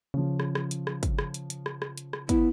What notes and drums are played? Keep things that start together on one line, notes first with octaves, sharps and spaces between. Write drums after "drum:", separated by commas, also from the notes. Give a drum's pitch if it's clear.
C#3 F3 C#4
drum: rim click
drum: rim click
drum: hi-hat
drum: rim click
drum: kick, hi-hat
drum: rim click
drum: hi-hat
drum: hi-hat
drum: rim click
drum: rim click
drum: hi-hat
drum: rim click
B3 E4, drum: kick, hi-hat